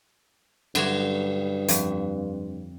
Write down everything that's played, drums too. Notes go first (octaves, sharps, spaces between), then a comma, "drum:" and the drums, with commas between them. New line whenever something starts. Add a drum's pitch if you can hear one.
G2 D3 F#3 C#5, drum: cymbal
F2, drum: hi-hat